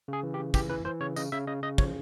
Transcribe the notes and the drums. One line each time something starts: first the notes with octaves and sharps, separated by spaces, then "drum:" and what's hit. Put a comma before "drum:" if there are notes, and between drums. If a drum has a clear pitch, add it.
C#3 G#4
E3
G4
C#3
E3 G4, drum: kick, tambourine
E3 B4
E3 C5
C#3 C#5
C#3 D#5, drum: tambourine
C#3 E5
C#3 D#5
C#3 D#5
F3 C#5, drum: kick